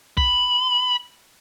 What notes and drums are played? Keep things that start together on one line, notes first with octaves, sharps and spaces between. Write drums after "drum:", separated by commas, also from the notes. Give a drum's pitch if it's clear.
B5, drum: kick